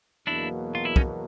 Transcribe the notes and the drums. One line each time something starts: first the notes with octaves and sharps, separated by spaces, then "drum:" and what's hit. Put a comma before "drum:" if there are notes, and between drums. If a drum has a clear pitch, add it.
E2 B2 F#3 A#3 D4 E4
F4
E4
C#4 D#4, drum: kick